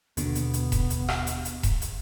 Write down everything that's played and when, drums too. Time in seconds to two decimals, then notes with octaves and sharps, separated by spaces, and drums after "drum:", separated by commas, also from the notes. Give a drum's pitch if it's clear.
0.17 D#2 B2 D3 B3, drum: hi-hat
0.35 drum: hi-hat
0.54 drum: hi-hat
0.72 drum: kick E1, hi-hat
0.90 drum: hi-hat
1.08 drum: rim click
1.27 drum: hi-hat
1.45 drum: hi-hat
1.63 drum: kick E1, hi-hat
1.82 drum: hi-hat